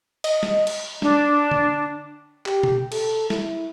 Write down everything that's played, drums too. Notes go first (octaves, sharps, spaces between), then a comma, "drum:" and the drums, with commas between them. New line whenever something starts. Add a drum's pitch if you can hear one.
D#5, drum: cymbal
drum: snare
drum: cymbal
D4, drum: snare
drum: tom D3
G4, drum: clap
drum: tom B2
A4, drum: cymbal
E4, drum: snare